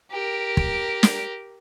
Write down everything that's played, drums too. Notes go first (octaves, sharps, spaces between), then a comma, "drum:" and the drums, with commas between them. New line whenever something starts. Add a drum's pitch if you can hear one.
G4 A#4
drum: kick
drum: snare